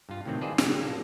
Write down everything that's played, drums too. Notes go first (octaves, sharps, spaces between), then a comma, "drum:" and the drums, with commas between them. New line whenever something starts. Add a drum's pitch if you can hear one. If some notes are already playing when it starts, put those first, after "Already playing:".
G2 F4
A2 C3 D#3 F#3 C4
F4 G#4 B4 C5 D5 D#5
A#2 C#3 F3 F#3 G#3, drum: snare
A#2 F#3 A#3 A4